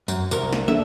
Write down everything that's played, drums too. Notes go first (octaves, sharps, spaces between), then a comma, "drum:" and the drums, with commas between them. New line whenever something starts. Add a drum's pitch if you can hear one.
F#2, drum: tambourine
C2 A#4, drum: tambourine
drum: snare
A#3 D4 A4 E5